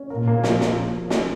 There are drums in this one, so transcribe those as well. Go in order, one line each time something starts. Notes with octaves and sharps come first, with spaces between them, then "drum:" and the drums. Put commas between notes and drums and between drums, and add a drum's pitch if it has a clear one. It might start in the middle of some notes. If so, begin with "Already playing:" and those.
Already playing: C#4
A#2 A#4
A#3
F3, drum: snare
A#3, drum: snare
drum: snare